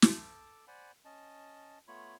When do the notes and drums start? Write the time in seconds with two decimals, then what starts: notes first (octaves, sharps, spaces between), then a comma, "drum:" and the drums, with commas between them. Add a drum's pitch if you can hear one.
0.02 A4 A5 D6, drum: snare
0.68 C5 D5 F#5 G#5 B5
1.05 C#4 D#5 A5
1.88 A3 B3 F4 C#5 B5